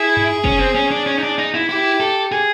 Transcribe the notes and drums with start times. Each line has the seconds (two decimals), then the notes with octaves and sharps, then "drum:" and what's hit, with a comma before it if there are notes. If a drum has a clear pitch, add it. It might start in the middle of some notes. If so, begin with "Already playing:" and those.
Already playing: E4 G#4
0.17 drum: tom F#2
0.44 C#4, drum: kick
0.59 C4
0.75 C#4
0.91 D4
1.06 C#4
1.18 D#4
1.23 D4
1.38 D#4
1.54 E4
1.69 E4 G4
2.00 A4
2.32 G#4